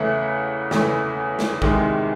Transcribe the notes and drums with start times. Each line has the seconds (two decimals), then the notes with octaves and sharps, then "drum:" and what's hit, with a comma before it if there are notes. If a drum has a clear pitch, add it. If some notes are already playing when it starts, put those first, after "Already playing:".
Already playing: E2 C#3 E3 A3 F#5
0.71 E2 C#3 E3 A3, drum: snare
1.39 drum: snare
1.62 E2 C3 D#3 G#3, drum: kick